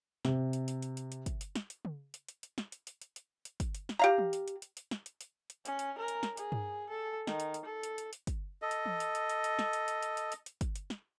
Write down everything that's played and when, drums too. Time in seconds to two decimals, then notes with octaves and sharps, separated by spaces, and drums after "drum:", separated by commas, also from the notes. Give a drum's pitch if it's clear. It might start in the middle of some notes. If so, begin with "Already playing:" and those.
0.25 C3, drum: snare
0.53 drum: hi-hat
0.68 drum: hi-hat
0.82 drum: hi-hat
0.97 drum: hi-hat
1.12 drum: hi-hat
1.26 drum: kick, hi-hat
1.41 drum: hi-hat
1.55 drum: snare
1.70 drum: hi-hat
1.85 drum: tom C#3
2.14 drum: hi-hat
2.29 drum: hi-hat
2.43 drum: hi-hat
2.58 drum: snare
2.72 drum: hi-hat
2.87 drum: hi-hat
3.02 drum: hi-hat
3.16 drum: hi-hat
3.45 drum: hi-hat
3.60 drum: kick, hi-hat
3.75 drum: hi-hat
3.89 drum: snare
3.99 G4 F5 A#5
4.18 drum: tom E3
4.33 drum: hi-hat
4.48 drum: hi-hat
4.62 drum: hi-hat
4.77 drum: hi-hat
4.91 drum: snare
5.06 drum: hi-hat
5.21 drum: hi-hat
5.50 drum: hi-hat
5.65 C#4, drum: hi-hat
5.79 drum: hi-hat
5.98 A#4
6.08 drum: hi-hat
6.23 drum: snare
6.37 G#4, drum: hi-hat
6.52 drum: tom G2
6.89 A4
7.27 D#3, drum: snare
7.40 drum: hi-hat
7.54 drum: hi-hat
7.65 A4
7.83 drum: hi-hat
7.98 drum: hi-hat
8.13 drum: hi-hat
8.27 drum: kick, hi-hat
8.62 A4 D#5
8.71 drum: hi-hat
8.86 drum: tom E3
9.00 drum: hi-hat
9.15 drum: hi-hat
9.29 drum: hi-hat
9.44 drum: hi-hat
9.59 drum: snare
9.73 drum: hi-hat
9.88 drum: hi-hat
10.03 drum: hi-hat
10.17 drum: hi-hat
10.32 drum: hi-hat
10.46 drum: hi-hat
10.61 drum: kick, hi-hat
10.76 drum: hi-hat
10.90 drum: snare